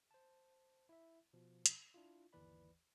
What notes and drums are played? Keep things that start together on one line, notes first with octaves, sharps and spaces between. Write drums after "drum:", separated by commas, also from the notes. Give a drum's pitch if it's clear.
C5 A5
E4 E5
B2 F3
drum: hi-hat
D4 E4 F4
G1 D#2 E3 B4 D5 B5